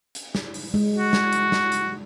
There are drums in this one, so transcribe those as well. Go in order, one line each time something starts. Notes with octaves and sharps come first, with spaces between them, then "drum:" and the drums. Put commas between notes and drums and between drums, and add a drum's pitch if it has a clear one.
drum: hi-hat
drum: snare
drum: open hi-hat
G#3
F#4
drum: snare
drum: hi-hat
drum: snare
drum: hi-hat